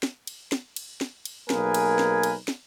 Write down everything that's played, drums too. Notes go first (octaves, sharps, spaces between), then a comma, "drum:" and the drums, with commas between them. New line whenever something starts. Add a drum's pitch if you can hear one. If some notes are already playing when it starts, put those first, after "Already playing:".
drum: snare
drum: cymbal
drum: snare
drum: cymbal
drum: snare
drum: cymbal
B1 A#3 G#4 A#4 B4 G#5, drum: snare
drum: cymbal
drum: snare
drum: cymbal
drum: snare